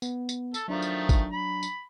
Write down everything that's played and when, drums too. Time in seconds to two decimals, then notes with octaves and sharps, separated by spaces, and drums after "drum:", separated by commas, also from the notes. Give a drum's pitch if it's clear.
0.02 B3, drum: tambourine
0.29 drum: tambourine
0.54 A4, drum: tambourine
0.68 D#3 F3 F#3 A3 D4 A#5
0.82 drum: tambourine
1.09 drum: kick, tambourine
1.32 B5
1.63 drum: tambourine